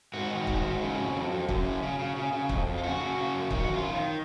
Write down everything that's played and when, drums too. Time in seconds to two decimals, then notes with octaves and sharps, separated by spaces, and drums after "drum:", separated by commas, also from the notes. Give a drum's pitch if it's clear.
0.14 G#2 F#4
0.31 D#3
0.47 G#2, drum: kick
0.64 G#2
0.81 C#3
0.98 F2
1.14 F2
1.32 F2
1.49 F#2, drum: kick
1.65 C#3
1.82 C#3
1.99 C#3
2.16 C#3
2.33 C#3
2.49 F2, drum: kick
2.67 F2
2.78 F4
2.83 C#3 F#4
3.00 C#3
3.17 C#3
3.34 F#2
3.50 D#3 F#4, drum: kick
3.67 F#2
3.74 F4
3.84 D#3